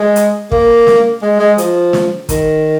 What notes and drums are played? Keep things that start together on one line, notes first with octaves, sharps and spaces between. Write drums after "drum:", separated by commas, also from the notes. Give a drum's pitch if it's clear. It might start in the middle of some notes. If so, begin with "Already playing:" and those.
Already playing: G#3
drum: hi-hat
A#3, drum: kick
drum: snare
G#3
G#3
F3, drum: hi-hat
drum: snare
D#3, drum: kick, hi-hat